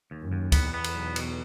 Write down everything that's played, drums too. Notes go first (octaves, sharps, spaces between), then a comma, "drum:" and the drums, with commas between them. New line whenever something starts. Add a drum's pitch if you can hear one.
D#2
F#2
D#2
E2 B3, drum: kick D2, cymbal
B3
drum: cymbal
B1
B2, drum: cymbal